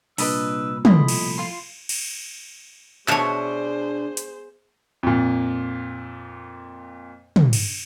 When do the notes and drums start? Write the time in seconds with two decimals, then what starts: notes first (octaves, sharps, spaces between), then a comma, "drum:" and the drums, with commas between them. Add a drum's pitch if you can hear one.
0.18 C2 A#2 D4 B4 D#5 B5 E6, drum: open hi-hat
0.85 F3 A3 E4 D#5 B5, drum: tom
1.08 drum: cymbal
1.38 F4 C6
1.89 drum: cymbal
3.08 B2 D4 G#4 C5 C#5 E5, drum: clap
4.17 drum: hi-hat
5.03 F2 A#2
7.36 drum: tom
7.53 drum: cymbal